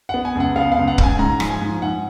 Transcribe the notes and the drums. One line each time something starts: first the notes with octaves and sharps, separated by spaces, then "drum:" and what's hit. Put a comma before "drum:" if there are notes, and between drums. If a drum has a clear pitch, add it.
B3 F#5
G#5
C#2
F#5
B3 F5
F5
C#2
F#5
C#2, drum: kick
G#5
G#2 A#5
F3, drum: rim click
G#5
G#2
G#2 F#5